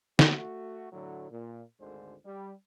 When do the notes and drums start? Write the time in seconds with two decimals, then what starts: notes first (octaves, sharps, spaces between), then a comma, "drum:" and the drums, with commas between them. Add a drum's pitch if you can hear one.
0.19 A3 F#4, drum: snare
0.92 A2 D3 F#3
1.31 A#2
1.80 G#1 D2 D3 G#3 C5
2.26 G3